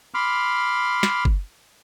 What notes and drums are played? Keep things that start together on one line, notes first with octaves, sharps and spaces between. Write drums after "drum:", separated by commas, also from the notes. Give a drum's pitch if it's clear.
B5 C6 D6 F6
drum: snare
drum: kick